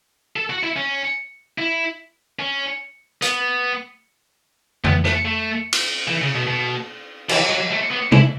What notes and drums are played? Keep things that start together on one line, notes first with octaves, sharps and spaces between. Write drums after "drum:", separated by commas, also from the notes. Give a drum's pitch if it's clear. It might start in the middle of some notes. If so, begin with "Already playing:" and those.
A4
F#4
E4
C#4
E4
C#4
B3, drum: hi-hat
B3, drum: tom F2
A3, drum: rim click
A3
drum: cymbal
E3
C#3
B2
B2
E3, drum: cymbal
F#3
A3
B3
E4, drum: tom